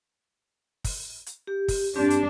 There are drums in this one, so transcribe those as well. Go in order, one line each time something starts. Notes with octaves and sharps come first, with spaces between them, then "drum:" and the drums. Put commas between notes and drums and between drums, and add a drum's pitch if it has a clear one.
drum: kick, open hi-hat
drum: hi-hat
G4
drum: kick, open hi-hat
G2 C4 D4 G4
drum: hi-hat